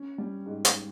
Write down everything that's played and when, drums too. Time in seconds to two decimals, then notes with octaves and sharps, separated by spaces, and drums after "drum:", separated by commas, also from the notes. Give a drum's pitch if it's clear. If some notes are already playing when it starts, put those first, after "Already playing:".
Already playing: C#4
0.18 G3
0.46 G#2
0.65 drum: hi-hat